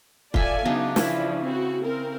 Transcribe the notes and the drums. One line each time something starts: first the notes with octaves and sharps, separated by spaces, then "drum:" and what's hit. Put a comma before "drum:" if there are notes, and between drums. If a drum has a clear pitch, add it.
F4 A4 D5 E5 G#5, drum: kick
C#3 F#3 B3 D4 D#4
E3 F3 C#4 D4 E4, drum: snare
C4 F#4
C4 A#4